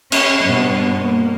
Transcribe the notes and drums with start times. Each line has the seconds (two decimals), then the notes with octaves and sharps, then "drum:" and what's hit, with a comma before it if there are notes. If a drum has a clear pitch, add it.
0.12 C#4, drum: cymbal
0.45 G2 B2
0.99 A#3